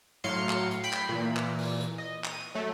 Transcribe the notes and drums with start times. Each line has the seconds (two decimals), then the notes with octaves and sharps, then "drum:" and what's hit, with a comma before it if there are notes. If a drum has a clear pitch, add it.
0.24 A2 F#3 F5 C6 C#7
0.49 drum: clap
0.71 drum: hi-hat
0.83 G5 B5 C7
0.93 drum: clap
1.09 A#2 E3
1.37 drum: clap
1.58 drum: open hi-hat
1.80 drum: hi-hat
1.98 D#5
2.24 D#7, drum: clap
2.54 F#3 A3